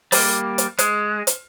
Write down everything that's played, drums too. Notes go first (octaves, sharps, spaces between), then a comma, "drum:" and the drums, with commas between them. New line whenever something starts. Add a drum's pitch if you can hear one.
G3 A#3, drum: open hi-hat
drum: hi-hat
G#3, drum: hi-hat
drum: hi-hat